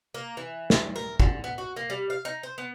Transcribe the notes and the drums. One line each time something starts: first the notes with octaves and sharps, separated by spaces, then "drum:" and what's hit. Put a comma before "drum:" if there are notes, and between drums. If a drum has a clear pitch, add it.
A#3
E3
drum: snare
A#4
D3, drum: kick
B3
F#4
A#3
G3
F5
D#4
C5
B3